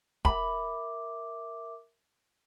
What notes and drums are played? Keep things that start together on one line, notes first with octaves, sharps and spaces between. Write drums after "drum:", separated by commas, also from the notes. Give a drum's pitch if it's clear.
A#4 E5 B5 D6, drum: kick